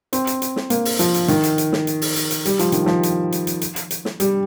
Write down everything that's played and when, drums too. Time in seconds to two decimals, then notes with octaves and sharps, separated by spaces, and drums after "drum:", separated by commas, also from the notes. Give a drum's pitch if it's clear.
0.13 C4, drum: hi-hat
0.27 drum: hi-hat
0.42 drum: hi-hat
0.56 drum: snare
0.70 A#3, drum: hi-hat
0.85 drum: open hi-hat
0.99 F3, drum: hi-hat
1.14 drum: hi-hat
1.28 D#3, drum: hi-hat
1.43 drum: hi-hat
1.58 drum: hi-hat
1.73 drum: snare
1.87 drum: hi-hat
2.02 drum: open hi-hat
2.16 drum: hi-hat
2.31 drum: hi-hat
2.45 G3, drum: hi-hat
2.59 F3, drum: hi-hat
2.72 D#3, drum: hi-hat
2.86 F3, drum: snare
3.03 drum: hi-hat
3.32 drum: hi-hat
3.47 drum: hi-hat
3.61 drum: hi-hat
3.76 drum: hi-hat
3.91 drum: hi-hat
4.05 drum: snare
4.20 G3, drum: hi-hat